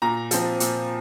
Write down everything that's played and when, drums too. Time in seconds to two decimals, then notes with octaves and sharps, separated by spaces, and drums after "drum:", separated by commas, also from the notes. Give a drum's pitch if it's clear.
0.02 A#2 A#5
0.31 F3 C4, drum: hi-hat
0.60 A#2, drum: hi-hat